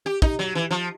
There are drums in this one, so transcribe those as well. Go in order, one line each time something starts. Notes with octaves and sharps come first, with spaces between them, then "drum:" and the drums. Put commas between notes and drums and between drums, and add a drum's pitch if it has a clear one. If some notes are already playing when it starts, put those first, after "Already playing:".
G4
D#4, drum: kick
F#3
E3
F3